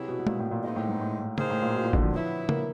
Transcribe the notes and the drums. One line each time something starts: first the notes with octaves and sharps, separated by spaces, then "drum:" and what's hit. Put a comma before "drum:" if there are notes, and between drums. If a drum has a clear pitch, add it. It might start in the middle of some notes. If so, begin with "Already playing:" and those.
Already playing: C3 F#3 B3 E4 G#4
B2
B2
A#2, drum: tom G#3
A2
A#2
A#2 E3 G#3 C4 D#4
A2
G#2
A2
A2
A2 A#3 D#4 G#4 C5, drum: tom C#3
A2
A#2
B2
A#2
D3, drum: kick G#1
F3
F#3 B3 E4
A#3, drum: tom C#3